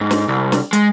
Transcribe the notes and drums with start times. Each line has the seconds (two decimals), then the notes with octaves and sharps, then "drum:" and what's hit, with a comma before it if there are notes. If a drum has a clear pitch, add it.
0.01 G#2
0.11 drum: snare
0.28 C2
0.52 drum: snare
0.73 G#3, drum: hi-hat